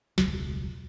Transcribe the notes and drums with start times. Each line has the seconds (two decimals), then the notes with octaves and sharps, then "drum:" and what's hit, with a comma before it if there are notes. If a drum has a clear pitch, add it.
0.18 E1 C#2, drum: snare